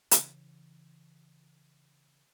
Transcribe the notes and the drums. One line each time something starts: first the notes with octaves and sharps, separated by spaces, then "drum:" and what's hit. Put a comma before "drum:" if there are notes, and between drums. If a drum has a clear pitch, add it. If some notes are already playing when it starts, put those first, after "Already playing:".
C#3 E3, drum: hi-hat